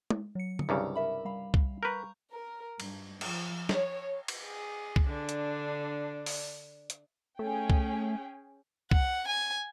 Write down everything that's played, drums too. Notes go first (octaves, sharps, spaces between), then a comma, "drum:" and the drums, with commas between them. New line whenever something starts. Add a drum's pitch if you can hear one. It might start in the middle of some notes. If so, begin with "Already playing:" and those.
drum: tom
F#3 C#7
drum: tom D3
C2 G2 C#3 A#5 D6 E6
A#4 E5 B5
G3 F5 B5
drum: kick
A#4 B4 A#5 C#6 G6
A#4
G2, drum: cymbal
F3, drum: cymbal
C#5, drum: snare
drum: cymbal
G#4
drum: kick
D3 D4
drum: hi-hat
drum: open hi-hat
drum: hi-hat
A3 C#4 G#4 G5
drum: kick
F#5, drum: kick
G#5